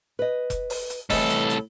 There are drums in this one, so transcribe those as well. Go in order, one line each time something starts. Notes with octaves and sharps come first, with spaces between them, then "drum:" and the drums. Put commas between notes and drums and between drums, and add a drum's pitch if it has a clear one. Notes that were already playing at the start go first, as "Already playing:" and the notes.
B4 D#5
drum: kick F1, hi-hat
drum: open hi-hat
drum: hi-hat
C2 A2 E3 A4 D#5, drum: kick F1, open hi-hat
drum: hi-hat
drum: hi-hat